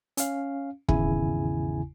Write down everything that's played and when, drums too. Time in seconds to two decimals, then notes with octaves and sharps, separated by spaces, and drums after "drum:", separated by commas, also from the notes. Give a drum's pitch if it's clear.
0.17 C#4 F5, drum: hi-hat
0.89 G#1 E2 C#3 E4 G#5, drum: kick E1